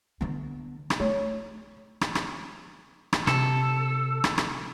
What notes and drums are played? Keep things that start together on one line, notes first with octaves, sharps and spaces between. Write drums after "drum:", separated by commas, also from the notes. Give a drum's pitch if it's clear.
D3 B3
drum: rim click
A3 C#5
drum: rim click
drum: rim click
drum: rim click
C3 A4, drum: rim click
drum: rim click
drum: rim click